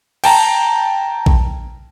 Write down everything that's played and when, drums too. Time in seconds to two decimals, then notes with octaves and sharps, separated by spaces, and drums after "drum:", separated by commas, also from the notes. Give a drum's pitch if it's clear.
0.24 G5 A5 A#5, drum: cymbal
1.26 drum: kick A#1